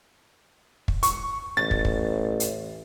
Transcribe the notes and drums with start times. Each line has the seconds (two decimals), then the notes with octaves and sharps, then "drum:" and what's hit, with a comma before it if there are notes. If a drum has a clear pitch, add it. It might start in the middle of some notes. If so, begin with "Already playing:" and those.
0.88 drum: kick
1.03 C#6, drum: hi-hat
1.57 A1 A6
1.71 drum: kick
1.85 drum: kick
2.40 drum: hi-hat